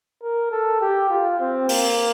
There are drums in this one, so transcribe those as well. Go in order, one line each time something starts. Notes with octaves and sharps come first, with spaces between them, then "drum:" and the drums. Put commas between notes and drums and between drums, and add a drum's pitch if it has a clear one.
A#4
A4
G4
F4
C4
A#3, drum: open hi-hat